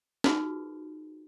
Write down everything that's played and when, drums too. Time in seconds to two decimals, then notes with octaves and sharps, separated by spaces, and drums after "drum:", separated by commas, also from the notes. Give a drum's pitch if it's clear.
0.24 D#4 F4 F#4 G#4 A#4 B4, drum: snare